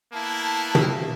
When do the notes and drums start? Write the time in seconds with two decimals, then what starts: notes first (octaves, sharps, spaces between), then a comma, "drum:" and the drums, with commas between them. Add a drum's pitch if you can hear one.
0.13 A#3 B3 E4 A5
0.75 drum: tom